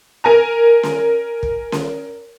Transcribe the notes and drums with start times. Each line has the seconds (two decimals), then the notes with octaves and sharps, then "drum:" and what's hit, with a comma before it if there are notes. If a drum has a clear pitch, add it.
0.24 A#4 G#5 A#5
0.83 drum: snare C#4
1.43 drum: kick
1.72 drum: snare C#4